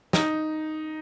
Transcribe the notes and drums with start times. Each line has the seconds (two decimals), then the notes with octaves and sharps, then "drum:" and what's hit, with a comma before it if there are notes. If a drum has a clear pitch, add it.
0.13 D#4, drum: snare